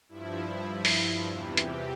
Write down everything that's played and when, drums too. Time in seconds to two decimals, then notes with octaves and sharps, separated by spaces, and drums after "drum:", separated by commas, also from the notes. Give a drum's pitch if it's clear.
0.09 G2 F3 E4
0.85 drum: open hi-hat
1.28 E2 C3 E3 F4
1.57 G4, drum: hi-hat